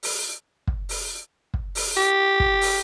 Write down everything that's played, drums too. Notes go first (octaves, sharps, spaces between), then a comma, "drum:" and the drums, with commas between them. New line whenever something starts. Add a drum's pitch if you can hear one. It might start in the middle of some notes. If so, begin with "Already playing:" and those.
drum: open hi-hat
drum: kick
drum: open hi-hat
drum: kick
drum: open hi-hat
G4
drum: kick
drum: open hi-hat